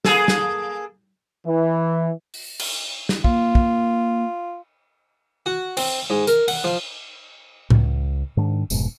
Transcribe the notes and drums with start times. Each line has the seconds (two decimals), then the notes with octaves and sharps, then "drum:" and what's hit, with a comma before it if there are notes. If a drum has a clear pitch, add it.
0.05 A#3 G#4 A4, drum: snare
0.28 drum: snare
1.47 E3
2.34 drum: open hi-hat
2.59 drum: cymbal
3.09 drum: snare
3.24 A#3 F4, drum: kick
3.55 drum: kick
5.46 F#4
5.77 C4, drum: cymbal
6.10 G#2
6.27 A#4, drum: hi-hat
6.48 F#5, drum: cymbal
6.64 F3
7.70 C#2, drum: tom A2
8.37 G#2 D#3 D4
8.70 F1 G#2 B2, drum: tambourine